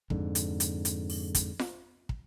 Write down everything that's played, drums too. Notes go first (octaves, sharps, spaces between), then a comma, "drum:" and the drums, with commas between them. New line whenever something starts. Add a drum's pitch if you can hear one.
F2 G#2 D3, drum: kick
drum: hi-hat
drum: hi-hat
drum: hi-hat
drum: open hi-hat
drum: kick, hi-hat
drum: snare F4
drum: kick